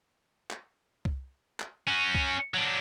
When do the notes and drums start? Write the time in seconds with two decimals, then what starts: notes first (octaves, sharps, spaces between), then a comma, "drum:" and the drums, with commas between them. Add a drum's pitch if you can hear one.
0.51 drum: clap
1.05 drum: kick C2
1.60 drum: clap
1.87 C#4 F#4
2.15 drum: kick C2
2.54 F#3 D4